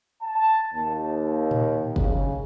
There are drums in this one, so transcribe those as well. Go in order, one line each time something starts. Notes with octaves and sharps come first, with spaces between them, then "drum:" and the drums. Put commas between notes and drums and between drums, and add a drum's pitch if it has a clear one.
A5
D#2
drum: tom A2
C#3, drum: kick F#1